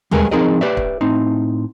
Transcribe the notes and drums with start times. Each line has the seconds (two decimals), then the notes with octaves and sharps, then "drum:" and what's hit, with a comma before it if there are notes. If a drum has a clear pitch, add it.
0.11 G3 G#3 G#4 A#4 B4 E5, drum: tom
0.31 F3 C4 D#4 G#4 A#4 D#5
0.61 G4 B4 D5 E5
0.77 drum: kick
1.01 A2 C4 D#4